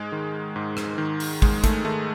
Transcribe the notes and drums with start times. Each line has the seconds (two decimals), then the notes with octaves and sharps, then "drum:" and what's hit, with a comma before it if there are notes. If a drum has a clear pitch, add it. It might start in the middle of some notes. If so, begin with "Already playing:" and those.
Already playing: G#2 G#3
0.12 D#3
0.56 G#2
0.77 drum: rim click
0.98 D#3
1.20 drum: open hi-hat
1.42 G#2 G#3, drum: kick
1.64 A3, drum: kick, hi-hat
1.85 D#3 A3